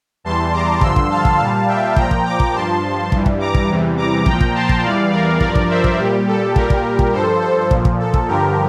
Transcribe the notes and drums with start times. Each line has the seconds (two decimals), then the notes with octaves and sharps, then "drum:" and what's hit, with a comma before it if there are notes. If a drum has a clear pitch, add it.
0.24 E2 E3 G3 A5 C6
0.53 A#5 D6
0.81 G2 D3 F3 C6 E6, drum: kick
0.96 drum: kick
1.10 F5 A5
1.25 drum: kick
1.39 A#2 G3 F5 A5
1.67 E5 G5
1.96 A#2 F3 G5 A#5, drum: kick
2.11 drum: kick
2.25 A#5 D6
2.40 drum: kick
2.54 G2 F3 A5 C6
3.12 G2 E3 G3, drum: kick
3.26 drum: kick
3.40 A#5 D6
3.54 drum: kick
3.69 E2 C3 E3 G3
3.97 A#5 D6
4.26 A#2 F3 G5 A#5, drum: kick
4.41 drum: kick
4.55 A5 C6
4.69 drum: kick
4.83 E2 E3 G3 D5 F5
5.12 A#4 D5
5.40 G2 F3 A#4 D5, drum: kick
5.55 drum: kick
5.69 C5 E5
5.84 drum: kick
5.99 A#2 G3 G4
6.27 A4
6.56 A#2 G3 G4 A#4, drum: kick
6.70 drum: kick
6.99 drum: kick
7.13 G2 F3 A4 C5
7.41 A4
7.71 A#2 F3, drum: kick
7.85 drum: kick
7.99 A4
8.14 drum: kick
8.27 G2 D3 F3 G4 A#4